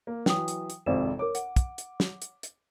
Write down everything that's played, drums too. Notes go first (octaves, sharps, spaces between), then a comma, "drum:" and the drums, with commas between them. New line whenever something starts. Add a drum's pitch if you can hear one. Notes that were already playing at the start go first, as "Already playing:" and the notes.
A#3
E3 F#3 G5 D#6, drum: snare
drum: hi-hat
drum: hi-hat
G#1 F2 C3 C5 D5 E7
A#4 C#5 D6
F#5, drum: hi-hat
drum: kick, hi-hat
drum: hi-hat
drum: snare
drum: hi-hat
drum: hi-hat